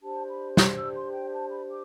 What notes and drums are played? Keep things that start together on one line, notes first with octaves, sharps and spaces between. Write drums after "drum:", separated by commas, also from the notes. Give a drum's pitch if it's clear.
D4 G4 C5 A5
B5
C6, drum: snare
E6
C6
G5
A5
B5
D6